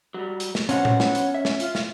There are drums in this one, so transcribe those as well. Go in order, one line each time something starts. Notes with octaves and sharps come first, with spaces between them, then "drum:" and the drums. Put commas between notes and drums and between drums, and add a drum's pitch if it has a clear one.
F#3 G3
drum: hi-hat
drum: snare
B2 F3 C#4 F5 F#5, drum: hi-hat
drum: tom A2
drum: snare
drum: hi-hat
E5
drum: snare
F4, drum: hi-hat
drum: snare